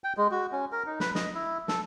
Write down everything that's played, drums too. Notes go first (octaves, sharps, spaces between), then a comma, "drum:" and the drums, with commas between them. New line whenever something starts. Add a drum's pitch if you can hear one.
G5
G#3
F#4
C#4
A#4
D#4
B4, drum: snare
D#5, drum: snare
E4
A4, drum: snare